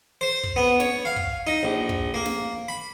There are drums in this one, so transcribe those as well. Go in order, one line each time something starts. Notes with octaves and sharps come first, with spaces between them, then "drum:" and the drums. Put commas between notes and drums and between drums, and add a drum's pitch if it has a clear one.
C5
drum: kick
B3
C#5, drum: snare
F5
drum: kick
D#4
A#1
drum: kick
A#3
drum: snare
B5